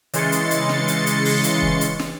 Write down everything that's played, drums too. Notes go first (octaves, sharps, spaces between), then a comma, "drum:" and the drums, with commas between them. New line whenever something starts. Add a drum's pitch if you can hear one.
C#3 E3 G#3 C6 A6 C#7, drum: hi-hat
drum: hi-hat
drum: hi-hat
drum: snare
drum: hi-hat
drum: hi-hat
drum: open hi-hat
drum: hi-hat
drum: kick
drum: hi-hat
drum: snare